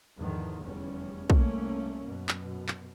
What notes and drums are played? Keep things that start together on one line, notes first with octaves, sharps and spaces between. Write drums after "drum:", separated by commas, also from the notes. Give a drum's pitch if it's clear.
E2 G#2 D3 D#3 F3
F1 E2 G3 C#4
C2 A3 A#3 C#4, drum: kick
F#2 B2
drum: clap
drum: clap